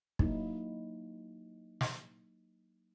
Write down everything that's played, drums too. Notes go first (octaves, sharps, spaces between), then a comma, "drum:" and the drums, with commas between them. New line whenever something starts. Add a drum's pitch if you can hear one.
F#3 A#3 D#4 E4, drum: kick
drum: snare